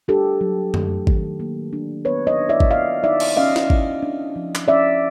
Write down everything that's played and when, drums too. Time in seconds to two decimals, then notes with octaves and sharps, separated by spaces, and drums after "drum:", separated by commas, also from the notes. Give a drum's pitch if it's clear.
0.08 D4 G4 A4
0.41 F#3
0.74 A3, drum: tom F#2
1.07 D#3, drum: kick
1.40 A#3
1.73 D4
2.05 B3 B4 C#5
2.27 C#5 D#5
2.39 D4
2.49 D5 E5
2.60 drum: kick
2.71 B3 D#5 F5
3.04 D#4 D5 E5
3.20 drum: cymbal
3.37 C#4 D#5 F5
3.56 drum: snare
3.70 E4, drum: kick
4.02 D4
4.36 F3
4.55 drum: clap
4.68 C#4 D5 E5